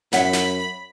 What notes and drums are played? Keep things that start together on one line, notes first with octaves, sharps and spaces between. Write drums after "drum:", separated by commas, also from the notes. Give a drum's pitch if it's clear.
F#2 C#5 E5 F#5 B5, drum: snare
drum: snare